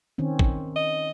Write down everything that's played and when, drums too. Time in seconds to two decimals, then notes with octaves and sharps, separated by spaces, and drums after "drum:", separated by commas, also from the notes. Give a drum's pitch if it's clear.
0.18 D#3 C4 C#4
0.39 drum: kick
0.76 D#5